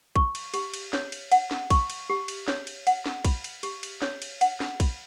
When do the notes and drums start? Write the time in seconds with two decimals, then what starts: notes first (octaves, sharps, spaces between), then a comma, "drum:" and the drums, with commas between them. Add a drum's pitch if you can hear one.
0.16 C#6, drum: kick
0.35 drum: cymbal
0.54 G4, drum: cymbal
0.74 drum: cymbal
0.93 C#5, drum: snare
1.12 drum: cymbal
1.32 F#5, drum: cymbal
1.51 drum: snare
1.70 C#6, drum: kick, cymbal
1.90 drum: cymbal
2.10 G4
2.28 drum: cymbal
2.48 C#5, drum: snare
2.67 drum: cymbal
2.87 F#5, drum: cymbal
3.06 drum: snare
3.25 B5, drum: kick, cymbal
3.44 drum: cymbal
3.63 G4, drum: cymbal
3.83 drum: cymbal
4.02 C#5, drum: snare
4.22 drum: cymbal
4.41 F#5, drum: cymbal
4.60 drum: snare
4.80 B5, drum: kick, cymbal